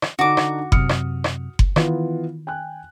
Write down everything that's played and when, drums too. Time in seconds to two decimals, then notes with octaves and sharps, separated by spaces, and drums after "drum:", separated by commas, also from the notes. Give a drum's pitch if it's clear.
0.02 drum: rim click
0.19 D3 D4 D#4 F#4 D6
0.37 drum: rim click
0.72 F#2 C3 D#6 F6 C#7, drum: kick F#1
0.89 drum: rim click
1.24 drum: rim click
1.59 drum: kick F#1
1.76 D#3 E3 B3 F4, drum: rim click
2.47 G5 G#5 F#6